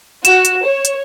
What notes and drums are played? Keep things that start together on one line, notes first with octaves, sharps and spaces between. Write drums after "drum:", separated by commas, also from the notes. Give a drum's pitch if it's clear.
F#4 E7, drum: hi-hat
drum: hi-hat
C#5
drum: hi-hat